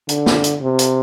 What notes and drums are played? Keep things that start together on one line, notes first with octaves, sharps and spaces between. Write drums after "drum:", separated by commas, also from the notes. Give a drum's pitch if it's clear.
D3, drum: hi-hat
drum: snare
drum: hi-hat
C3
drum: hi-hat